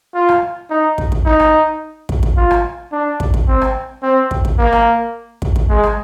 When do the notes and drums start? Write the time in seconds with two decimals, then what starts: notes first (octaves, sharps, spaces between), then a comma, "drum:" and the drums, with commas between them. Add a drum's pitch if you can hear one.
0.15 F4
0.29 drum: rim click
0.70 D#4
0.98 drum: kick
1.12 drum: kick
1.26 D#4
1.40 drum: rim click
2.09 drum: kick
2.23 drum: kick
2.37 F4
2.51 drum: rim click
2.92 D4
3.20 drum: kick
3.34 drum: kick
3.48 C4
3.62 drum: rim click
4.03 C4
4.31 drum: kick
4.45 drum: kick
4.59 A#3
4.73 drum: rim click
5.42 drum: kick
5.56 drum: kick
5.69 G#3
5.83 drum: rim click